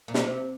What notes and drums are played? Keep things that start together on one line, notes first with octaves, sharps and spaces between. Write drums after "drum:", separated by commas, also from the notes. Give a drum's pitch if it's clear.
A#2
C3, drum: snare